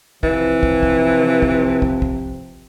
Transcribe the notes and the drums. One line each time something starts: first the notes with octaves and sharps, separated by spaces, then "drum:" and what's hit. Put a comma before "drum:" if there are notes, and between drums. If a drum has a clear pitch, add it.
C3 E3 F3 C4, drum: kick
drum: kick
drum: kick
drum: kick
drum: kick
drum: kick